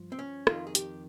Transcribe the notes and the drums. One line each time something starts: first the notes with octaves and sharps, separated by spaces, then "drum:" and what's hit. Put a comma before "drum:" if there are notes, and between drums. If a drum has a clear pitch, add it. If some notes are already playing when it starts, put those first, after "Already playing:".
Already playing: G2 F3
C4
C#4
F2 D#3 F4, drum: rim click
G#4
G4, drum: hi-hat